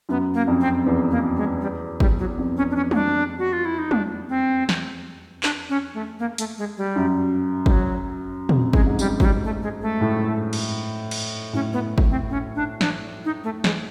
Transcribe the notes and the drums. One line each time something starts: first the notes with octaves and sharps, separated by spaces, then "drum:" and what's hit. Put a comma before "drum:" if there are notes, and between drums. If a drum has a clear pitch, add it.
F#2 B3
A#3
F2
C4
E2
A#3
G#3
G3
G3, drum: kick G1
F#3
F2
C#4
D4
C#4
D#4, drum: tom
D4
F#4
F4
E4
D#4
D4, drum: tom
C4
drum: snare
D4, drum: clap
C#4
A3
A#3
A3, drum: hi-hat
G#3
G3
F#2
G3, drum: kick G1
F#3
F2, drum: tom
G#3, drum: kick G1
G#2
G3, drum: tambourine
F#3, drum: kick G1
G3
A3
G#3
A3
A2
drum: cymbal
drum: cymbal
A2 C#4
B3
drum: kick G1
C4
C#4
D4
D4, drum: snare
D#4
A3
G#3, drum: snare